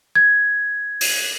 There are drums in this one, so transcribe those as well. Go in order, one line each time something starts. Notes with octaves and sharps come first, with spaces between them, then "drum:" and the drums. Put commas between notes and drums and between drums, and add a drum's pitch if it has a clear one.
G#6
drum: open hi-hat